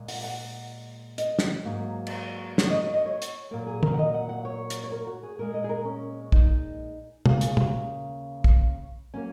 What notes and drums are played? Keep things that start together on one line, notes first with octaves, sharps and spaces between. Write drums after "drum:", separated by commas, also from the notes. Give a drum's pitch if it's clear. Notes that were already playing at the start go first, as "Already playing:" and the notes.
Already playing: A#2 G#3
F#5, drum: open hi-hat
F#5
D#5, drum: hi-hat
drum: snare
G#2 F#3 A#3
drum: cymbal
C#5, drum: snare
D#5
C#5
D#5
C#5
drum: hi-hat
A#2 F#3 A#3 A#4
G#4
A#4, drum: tom
F#5
D#5
F#5
F#5
C#5
drum: hi-hat
C#5
A#4
F#4
G#4
A#2 G#3 A#4
D#5
G#4
A#4
C#4
D#4, drum: kick
D#2 C#3 A#3 F#4, drum: tom
G#4, drum: hi-hat
F#4, drum: tom
drum: kick
F#3 A#3 C#4